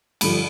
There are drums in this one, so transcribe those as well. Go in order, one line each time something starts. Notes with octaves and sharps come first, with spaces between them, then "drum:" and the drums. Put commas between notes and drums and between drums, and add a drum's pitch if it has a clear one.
G2 D3 F3 B5, drum: cymbal